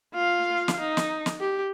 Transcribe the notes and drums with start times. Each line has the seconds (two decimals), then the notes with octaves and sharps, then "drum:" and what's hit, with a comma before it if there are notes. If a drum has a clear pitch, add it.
0.14 F4 F5
0.68 drum: snare
0.80 D#4
0.97 drum: snare
1.26 drum: snare
1.40 G4